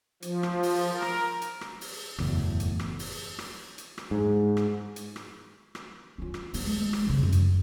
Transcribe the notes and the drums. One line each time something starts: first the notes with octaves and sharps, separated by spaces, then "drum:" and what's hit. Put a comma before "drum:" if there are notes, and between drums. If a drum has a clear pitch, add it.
F3, drum: hi-hat
drum: rim click
drum: open hi-hat
A#4
drum: rim click
drum: hi-hat
drum: rim click
drum: open hi-hat
F#1 E2 A2, drum: rim click
drum: hi-hat
drum: rim click
drum: open hi-hat
drum: rim click
drum: hi-hat
drum: rim click
G#2
drum: rim click
drum: hi-hat
drum: rim click
drum: rim click
C#4 F4
drum: rim click
B3 D#4, drum: open hi-hat
G#3
drum: rim click
C#3 E3
F#2
drum: hi-hat